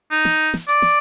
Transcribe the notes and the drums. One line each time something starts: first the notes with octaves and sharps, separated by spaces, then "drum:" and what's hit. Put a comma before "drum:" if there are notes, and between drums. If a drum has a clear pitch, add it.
D#4, drum: hi-hat
drum: snare
drum: snare
D5, drum: hi-hat
drum: snare